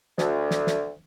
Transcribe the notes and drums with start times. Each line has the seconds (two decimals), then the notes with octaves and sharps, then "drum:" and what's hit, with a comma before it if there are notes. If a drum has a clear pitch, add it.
0.18 D2, drum: snare
0.51 drum: snare
0.67 drum: snare